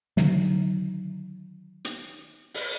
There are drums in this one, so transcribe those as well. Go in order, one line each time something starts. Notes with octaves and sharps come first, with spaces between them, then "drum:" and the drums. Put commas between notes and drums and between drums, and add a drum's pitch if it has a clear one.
D3 D#3 F#3, drum: snare
drum: hi-hat
drum: open hi-hat